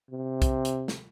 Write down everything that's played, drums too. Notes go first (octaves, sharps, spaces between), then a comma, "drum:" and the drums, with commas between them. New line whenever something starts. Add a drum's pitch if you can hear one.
C3
drum: kick B1, hi-hat
drum: hi-hat
drum: snare